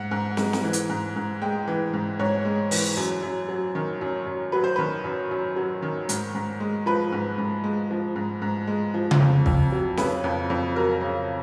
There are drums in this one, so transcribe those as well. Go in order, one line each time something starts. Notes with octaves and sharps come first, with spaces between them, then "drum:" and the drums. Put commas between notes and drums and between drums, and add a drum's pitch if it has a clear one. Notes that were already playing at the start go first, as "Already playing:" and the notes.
Already playing: G#2 F#5
G#2
G#3, drum: snare
drum: snare
E3
drum: hi-hat
G#2
G#2
G#3 G5
E3
G#2
G#2 C#5
G#3
E3, drum: open hi-hat
F#2
F#2
F#3
D#3
F#2
F#2
F#3 B4
C5
D#3 B4
F#2
F#2
F#3
D#3
G#2, drum: hi-hat
G#2
G#3
F3 B4
G#2
G#2
G#3
F3
G#2
G#2
G#3
F3
drum: tom C#3
F2
F2, drum: kick
F#3
C#3 B4, drum: snare
F2
F2
F#3 A#4
C#3